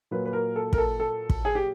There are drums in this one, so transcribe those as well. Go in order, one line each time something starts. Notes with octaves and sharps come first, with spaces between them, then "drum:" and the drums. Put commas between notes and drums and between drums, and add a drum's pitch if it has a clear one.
A#2 F#3 A#3 B4
B4
A#4
A4
A#4, drum: kick
A4
A4
drum: kick
G#4
G4